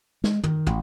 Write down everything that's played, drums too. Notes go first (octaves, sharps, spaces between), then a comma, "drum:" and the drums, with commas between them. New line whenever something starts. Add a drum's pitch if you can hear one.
G#3, drum: snare
D#3, drum: tom
A1, drum: tom